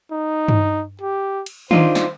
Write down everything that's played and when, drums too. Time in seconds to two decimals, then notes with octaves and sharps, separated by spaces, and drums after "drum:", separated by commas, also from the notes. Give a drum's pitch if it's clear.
0.12 D#4
0.48 drum: tom G2
1.01 G4
1.46 drum: cymbal
1.71 D4 D#4 F4 C5, drum: tom D#3
1.95 drum: snare